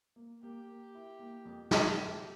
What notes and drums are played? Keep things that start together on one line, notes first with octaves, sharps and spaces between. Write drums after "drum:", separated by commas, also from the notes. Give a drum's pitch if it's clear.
A#3
A#3 G4
A#4
E4
A#3
F2
F2, drum: snare
A3 G4